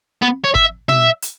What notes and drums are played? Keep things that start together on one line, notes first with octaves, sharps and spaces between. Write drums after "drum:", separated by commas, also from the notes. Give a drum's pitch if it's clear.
B3
C#5
E5, drum: kick
E5, drum: tom
drum: hi-hat